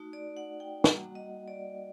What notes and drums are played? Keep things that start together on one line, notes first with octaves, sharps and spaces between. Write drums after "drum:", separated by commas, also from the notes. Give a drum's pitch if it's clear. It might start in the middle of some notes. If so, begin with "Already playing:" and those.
Already playing: A3 D#4 F#4
D5
F#5
G5
G3 A#3 F#4 F#5, drum: snare
D#5
D5